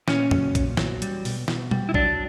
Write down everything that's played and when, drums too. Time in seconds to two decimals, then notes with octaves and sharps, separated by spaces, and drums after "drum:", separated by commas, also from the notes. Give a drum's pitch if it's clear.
0.08 A#2 C#4, drum: snare
0.31 F#3, drum: tom F2
0.55 A#2, drum: kick A#1, hi-hat
0.77 F#3, drum: snare
1.02 G3, drum: hi-hat
1.25 B2, drum: open hi-hat
1.48 B2, drum: snare
1.71 G3, drum: tom B2
1.89 E4
1.94 F#3 D4, drum: kick A#1